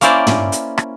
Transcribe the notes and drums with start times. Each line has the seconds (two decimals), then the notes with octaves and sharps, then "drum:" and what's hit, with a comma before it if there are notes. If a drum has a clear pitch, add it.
0.01 A#3 C#4 E4 C5 D5, drum: hi-hat
0.27 drum: tom
0.52 drum: hi-hat
0.78 drum: rim click